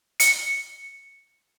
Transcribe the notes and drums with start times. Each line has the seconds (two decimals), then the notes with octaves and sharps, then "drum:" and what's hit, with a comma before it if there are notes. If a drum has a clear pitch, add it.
0.20 C#7, drum: hi-hat